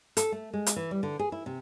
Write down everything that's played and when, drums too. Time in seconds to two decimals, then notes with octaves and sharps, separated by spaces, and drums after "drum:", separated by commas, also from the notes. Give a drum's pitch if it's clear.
0.17 A4, drum: hi-hat
0.32 A3
0.53 G#3
0.66 drum: hi-hat
0.76 E3
0.91 G3
1.03 D3
1.19 G#4
1.32 E4
1.46 C3